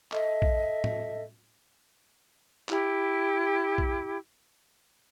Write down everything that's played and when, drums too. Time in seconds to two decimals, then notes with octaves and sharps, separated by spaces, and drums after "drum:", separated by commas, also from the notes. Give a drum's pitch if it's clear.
0.12 A4 D#5 E5, drum: clap
0.42 drum: kick A#1
0.84 drum: tom A2
2.69 E4 G4, drum: clap
3.78 drum: kick A#1